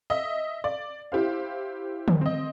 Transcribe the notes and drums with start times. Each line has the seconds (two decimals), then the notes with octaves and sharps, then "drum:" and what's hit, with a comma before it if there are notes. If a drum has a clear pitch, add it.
0.10 D#5 E5
0.64 D5
1.12 E4 G4 C5 F5
2.08 drum: tom D3
2.21 C4 D#5